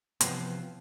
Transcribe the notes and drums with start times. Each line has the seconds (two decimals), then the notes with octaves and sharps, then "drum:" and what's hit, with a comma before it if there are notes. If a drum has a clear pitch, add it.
0.21 C3 E3 F3 B3, drum: hi-hat